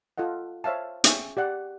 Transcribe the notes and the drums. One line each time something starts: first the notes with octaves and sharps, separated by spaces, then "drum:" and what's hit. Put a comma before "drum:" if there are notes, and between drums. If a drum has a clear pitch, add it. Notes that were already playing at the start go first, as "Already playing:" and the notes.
F4 A4 D#5 F#5
C5 C#5 E5 F5 A5
C#4 G#4 E5 G5 G#5 C#6, drum: hi-hat
G4 D5 F#5